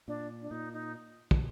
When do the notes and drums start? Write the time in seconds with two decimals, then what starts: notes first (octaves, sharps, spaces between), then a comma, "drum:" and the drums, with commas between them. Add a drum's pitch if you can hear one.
0.08 A#2 D4
0.42 D4
0.51 A#2 D#4
0.73 D#4
1.31 drum: kick